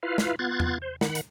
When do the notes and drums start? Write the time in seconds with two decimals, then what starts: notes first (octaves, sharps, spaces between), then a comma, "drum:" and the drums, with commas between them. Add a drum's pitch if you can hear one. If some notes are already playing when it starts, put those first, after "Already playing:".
0.03 E4 F4 B4 F5
0.18 drum: snare
0.39 B3 F4 F#6 G#6 A6
0.60 drum: tom E2
0.82 C5
1.01 D#3 F#5 B5, drum: snare
1.15 drum: hi-hat